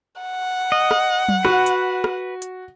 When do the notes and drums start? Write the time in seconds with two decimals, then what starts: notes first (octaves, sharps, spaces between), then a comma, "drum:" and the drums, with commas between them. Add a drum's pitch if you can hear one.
0.22 F#5
0.72 D#5
0.91 drum: rim click
1.29 drum: tom F#3
1.45 F#4 B4, drum: rim click
1.66 drum: hi-hat
2.04 drum: rim click
2.42 drum: hi-hat